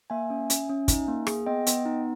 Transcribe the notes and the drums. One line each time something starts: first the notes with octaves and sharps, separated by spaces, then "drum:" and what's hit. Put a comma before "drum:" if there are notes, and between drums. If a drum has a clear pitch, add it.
A#3 E5 G#5
C#4
C#4, drum: hi-hat
C#4
D#4, drum: kick, hi-hat
A#3
G#4, drum: rim click
B3 D#5 G5
B3, drum: hi-hat
D#4